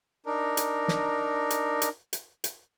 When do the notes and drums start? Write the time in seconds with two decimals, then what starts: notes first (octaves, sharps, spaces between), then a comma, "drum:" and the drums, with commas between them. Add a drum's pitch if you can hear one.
0.26 D4 D#4 A#4
0.57 drum: hi-hat
0.88 drum: snare
1.50 drum: hi-hat
1.82 drum: hi-hat
2.13 drum: hi-hat
2.44 drum: hi-hat